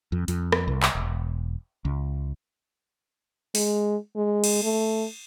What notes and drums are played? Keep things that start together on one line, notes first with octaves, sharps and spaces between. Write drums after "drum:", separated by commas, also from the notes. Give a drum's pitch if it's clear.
F2
F2, drum: hi-hat
drum: rim click
C2
drum: clap
E1
C#2
G#3, drum: open hi-hat
G#3
drum: cymbal
A3